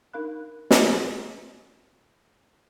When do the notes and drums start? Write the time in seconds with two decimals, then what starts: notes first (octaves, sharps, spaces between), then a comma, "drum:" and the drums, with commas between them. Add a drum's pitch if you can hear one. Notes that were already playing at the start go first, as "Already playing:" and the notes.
0.13 D4 D#4 A#4 F5 B5 F#6
0.71 G#4 D6, drum: snare